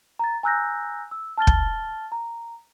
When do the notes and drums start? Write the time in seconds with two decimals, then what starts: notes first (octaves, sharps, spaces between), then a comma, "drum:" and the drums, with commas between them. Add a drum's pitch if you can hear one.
0.19 A#5 A6
0.43 G#5 A#5 E6 F#6 G6 A#6
1.11 E6
1.38 A5 F6 A6 G7
1.47 drum: kick
2.12 A#5